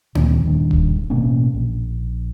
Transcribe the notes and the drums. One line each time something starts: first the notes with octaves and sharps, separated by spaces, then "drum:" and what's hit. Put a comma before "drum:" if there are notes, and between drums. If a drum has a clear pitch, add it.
D2 A#2 D#3 A#3, drum: tom C4
D#1 G2 D#3
drum: kick D#1
A1 B2 A#3 C#4
A#1